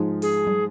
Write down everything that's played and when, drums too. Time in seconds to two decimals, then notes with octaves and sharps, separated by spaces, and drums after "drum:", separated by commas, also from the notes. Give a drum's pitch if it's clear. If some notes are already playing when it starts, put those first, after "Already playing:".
Already playing: G#2 F3 G#3 D#4
0.22 G#4, drum: open hi-hat
0.47 drum: tom F#3